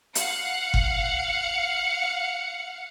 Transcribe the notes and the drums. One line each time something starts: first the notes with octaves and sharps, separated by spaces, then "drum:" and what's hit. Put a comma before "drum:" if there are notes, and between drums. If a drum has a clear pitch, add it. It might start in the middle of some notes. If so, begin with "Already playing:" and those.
F5 F#5 C#7, drum: hi-hat
drum: kick F#1